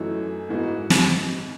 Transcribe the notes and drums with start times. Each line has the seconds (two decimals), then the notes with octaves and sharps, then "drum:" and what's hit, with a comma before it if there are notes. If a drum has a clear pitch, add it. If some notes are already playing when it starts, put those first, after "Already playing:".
Already playing: F#2 E3 A3 D#4 F#4
0.49 G#2 E3 B3 D#4 F#4
0.90 drum: snare